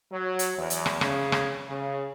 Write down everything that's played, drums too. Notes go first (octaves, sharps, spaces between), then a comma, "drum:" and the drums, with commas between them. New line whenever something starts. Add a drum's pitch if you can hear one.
F#3
drum: hi-hat
E2
drum: hi-hat
drum: rim click
C#3, drum: rim click
drum: rim click
C#3